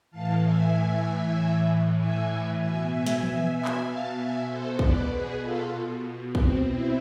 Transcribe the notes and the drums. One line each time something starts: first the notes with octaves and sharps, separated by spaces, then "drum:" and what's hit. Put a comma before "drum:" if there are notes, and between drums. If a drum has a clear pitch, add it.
A2 E3 F5 A5
E5 G#5
E5 G#5
B2 E5 G#5
E5 G#5
drum: snare
E5 G#5, drum: tom E3
E5 G#5
drum: clap
F5 A5
E5 G#5
A4 C5
B4 D5, drum: kick
B2 G#4 B4
F4 A4
C4, drum: kick
C4 E4